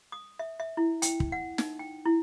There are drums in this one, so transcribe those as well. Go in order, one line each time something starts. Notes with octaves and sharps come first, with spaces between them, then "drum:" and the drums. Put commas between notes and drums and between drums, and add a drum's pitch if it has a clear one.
D#6
E5
E5
E4
G5, drum: hi-hat
drum: kick
F#5
D#4, drum: snare
G5
E4